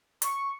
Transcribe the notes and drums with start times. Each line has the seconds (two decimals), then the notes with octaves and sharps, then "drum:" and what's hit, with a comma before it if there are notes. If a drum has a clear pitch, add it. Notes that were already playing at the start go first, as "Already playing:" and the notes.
0.22 C#6, drum: hi-hat